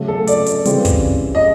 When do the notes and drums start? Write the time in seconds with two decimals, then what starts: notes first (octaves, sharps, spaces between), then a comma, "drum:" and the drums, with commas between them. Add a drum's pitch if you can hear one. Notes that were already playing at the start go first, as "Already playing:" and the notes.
Already playing: C#3 F#3 A3
0.08 A4
0.27 D5, drum: hi-hat
0.46 drum: hi-hat
0.65 C#3 E3 G3 C4, drum: hi-hat
0.85 drum: kick, hi-hat
1.35 D#5